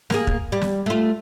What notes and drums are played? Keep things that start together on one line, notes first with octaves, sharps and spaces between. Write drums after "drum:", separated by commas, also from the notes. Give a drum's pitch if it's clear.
A#3 G#4, drum: snare
drum: kick
G3
drum: snare
A3 F4